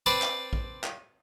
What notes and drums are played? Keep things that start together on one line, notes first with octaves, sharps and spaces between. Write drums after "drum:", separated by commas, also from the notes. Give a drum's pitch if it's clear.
C4 B4 C5 D5 A5
drum: clap
drum: kick
drum: clap